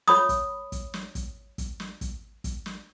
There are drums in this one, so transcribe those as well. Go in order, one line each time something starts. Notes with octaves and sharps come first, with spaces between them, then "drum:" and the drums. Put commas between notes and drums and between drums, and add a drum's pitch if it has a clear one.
C#5 B5 D#6, drum: snare
drum: kick, hi-hat
drum: kick, hi-hat
drum: snare
drum: kick, hi-hat
drum: kick, hi-hat
drum: snare
drum: kick, hi-hat
drum: kick, hi-hat
drum: snare